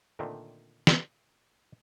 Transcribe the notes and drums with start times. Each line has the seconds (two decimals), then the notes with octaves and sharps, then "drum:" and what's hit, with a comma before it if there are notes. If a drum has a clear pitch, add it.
0.19 A#2 D3 D#3 A3 C4
0.87 drum: snare